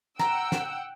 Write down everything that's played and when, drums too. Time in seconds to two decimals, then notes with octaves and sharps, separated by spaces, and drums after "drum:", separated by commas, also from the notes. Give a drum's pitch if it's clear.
0.19 F#5 G5 A#5 E6, drum: snare
0.52 drum: snare